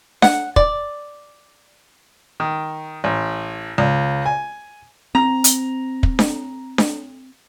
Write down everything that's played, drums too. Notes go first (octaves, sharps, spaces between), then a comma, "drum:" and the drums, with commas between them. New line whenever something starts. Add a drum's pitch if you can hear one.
F#5, drum: snare D4
D5, drum: kick
D#3
A1
C#2
G#5
C4 A#5
drum: hi-hat
drum: kick
drum: snare D4
drum: snare D4